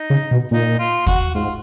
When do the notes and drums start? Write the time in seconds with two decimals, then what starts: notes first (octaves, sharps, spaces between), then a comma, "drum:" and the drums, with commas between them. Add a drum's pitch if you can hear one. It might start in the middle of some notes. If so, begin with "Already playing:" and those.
Already playing: D#4
0.10 C#3
0.31 B2
0.51 A#2 D#4
0.79 F4
1.06 F#4, drum: kick
1.35 G#2 F4